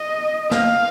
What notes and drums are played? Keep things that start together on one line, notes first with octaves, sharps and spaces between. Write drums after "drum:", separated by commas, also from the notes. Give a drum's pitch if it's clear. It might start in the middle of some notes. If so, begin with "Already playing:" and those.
Already playing: D#5
F5, drum: snare